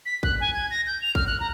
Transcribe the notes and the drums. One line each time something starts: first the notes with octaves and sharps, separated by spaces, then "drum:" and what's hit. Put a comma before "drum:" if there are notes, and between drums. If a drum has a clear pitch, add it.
B6
F#6, drum: kick
G#5
G#6
A#6
G6
F7
F6, drum: kick
F#6
A#5